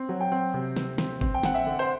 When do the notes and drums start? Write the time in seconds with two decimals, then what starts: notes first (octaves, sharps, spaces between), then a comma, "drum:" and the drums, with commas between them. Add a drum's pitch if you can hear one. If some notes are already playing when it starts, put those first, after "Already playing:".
Already playing: C4
0.09 F#3
0.21 G5
0.32 C4
0.54 C3
0.76 C4, drum: snare
0.98 C4, drum: snare
1.21 C4, drum: kick G#1
1.34 G5
1.43 C4 F#5, drum: snare
1.54 E5
1.66 D3
1.79 C5